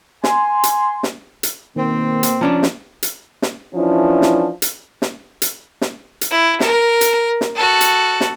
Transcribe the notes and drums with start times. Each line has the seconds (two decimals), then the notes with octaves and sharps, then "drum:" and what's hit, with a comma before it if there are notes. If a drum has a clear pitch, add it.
0.24 G#5 C6, drum: snare
0.63 drum: hi-hat
1.03 drum: snare
1.43 drum: hi-hat
1.76 B2 D#3 A#3 C4
2.23 drum: hi-hat
2.41 F3 C#4 D4 D5 A5 A#5
2.63 drum: snare
3.03 drum: hi-hat
3.42 drum: snare
3.75 E3 F3 C#4 D4 E4
4.22 drum: snare
4.62 drum: hi-hat
5.02 drum: snare
5.42 drum: hi-hat
5.81 drum: snare
6.21 drum: hi-hat
6.31 E4
6.60 A#4, drum: snare
7.01 drum: hi-hat
7.41 drum: snare
7.55 F#4 A4
7.81 drum: hi-hat
8.21 drum: snare